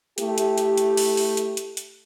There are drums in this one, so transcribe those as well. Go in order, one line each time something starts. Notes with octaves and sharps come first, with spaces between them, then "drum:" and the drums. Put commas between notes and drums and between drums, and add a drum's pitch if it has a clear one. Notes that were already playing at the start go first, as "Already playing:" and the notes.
A3 E4 G4, drum: hi-hat
drum: hi-hat
drum: hi-hat
drum: hi-hat
drum: open hi-hat
drum: open hi-hat
drum: hi-hat
drum: hi-hat
drum: hi-hat